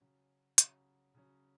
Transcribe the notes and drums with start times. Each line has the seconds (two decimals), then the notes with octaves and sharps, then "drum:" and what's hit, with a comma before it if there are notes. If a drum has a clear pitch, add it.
0.01 C#3 F#3 C#4
0.58 C#3 F#3 C#4, drum: hi-hat
1.15 C#3 F#3 C#4